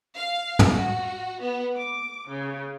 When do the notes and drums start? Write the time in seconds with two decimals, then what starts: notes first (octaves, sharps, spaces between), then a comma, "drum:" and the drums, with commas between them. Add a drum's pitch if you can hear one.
0.15 F5
0.59 drum: tom
0.71 F#4
1.42 B3
1.77 D6
2.29 C#3